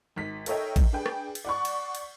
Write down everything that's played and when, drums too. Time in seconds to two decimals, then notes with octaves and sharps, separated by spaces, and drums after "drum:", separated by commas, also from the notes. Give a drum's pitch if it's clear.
0.16 G#1 B6
0.46 A4 A#4 C#5 D#5 E5 G5, drum: cymbal
0.76 drum: kick A1, cymbal
0.93 D4 G#4 B4 G5
1.06 drum: rim click
1.35 drum: cymbal
1.45 D5 F#5 C#6
1.65 drum: cymbal
1.95 drum: cymbal